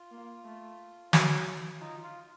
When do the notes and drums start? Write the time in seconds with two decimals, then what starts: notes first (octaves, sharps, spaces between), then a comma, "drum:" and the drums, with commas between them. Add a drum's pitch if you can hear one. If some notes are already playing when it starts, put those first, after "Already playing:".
Already playing: F4
0.11 A#3
0.45 A3
1.13 F#3, drum: snare
1.80 D#4 F4
2.04 F4